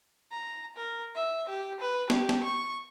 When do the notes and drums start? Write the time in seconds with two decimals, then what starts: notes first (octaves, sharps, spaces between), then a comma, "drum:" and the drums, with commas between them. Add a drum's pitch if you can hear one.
0.31 A#5
0.77 A#4
1.15 E5
1.49 G4
1.80 B4
2.10 G4, drum: snare
2.29 drum: snare
2.43 C#6